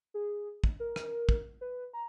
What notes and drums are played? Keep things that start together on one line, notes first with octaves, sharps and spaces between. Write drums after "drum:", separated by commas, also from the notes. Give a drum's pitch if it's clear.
G#4
drum: kick
A#4
drum: rim click
drum: kick
B4
A#5